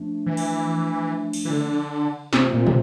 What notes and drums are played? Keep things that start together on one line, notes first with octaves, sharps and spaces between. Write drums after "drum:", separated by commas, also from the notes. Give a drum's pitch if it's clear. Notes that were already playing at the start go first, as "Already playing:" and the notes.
Already playing: F3 A3 D4
E3
drum: cymbal
drum: cymbal
E3
D3
C3 E3 A3 C4 F4 C5, drum: snare
A#2
C3, drum: tom